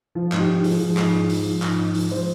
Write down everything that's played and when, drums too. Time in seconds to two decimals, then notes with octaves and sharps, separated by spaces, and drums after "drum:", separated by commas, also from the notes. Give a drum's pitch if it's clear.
0.15 F3 F4
0.32 G#2, drum: clap
0.40 G4
0.48 G#2
0.64 F3 G#4, drum: open hi-hat
0.81 F3
0.89 G#4
0.97 G#2, drum: clap
1.13 G#2
1.30 F3, drum: open hi-hat
1.46 F3
1.62 G#2, drum: clap
1.79 G#2
1.95 F3, drum: open hi-hat
2.11 F3 C5